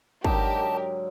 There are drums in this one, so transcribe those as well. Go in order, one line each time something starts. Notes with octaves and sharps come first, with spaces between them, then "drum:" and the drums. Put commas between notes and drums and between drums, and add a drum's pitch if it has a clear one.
G#2 D3 F#3 G4 A#4 A5, drum: kick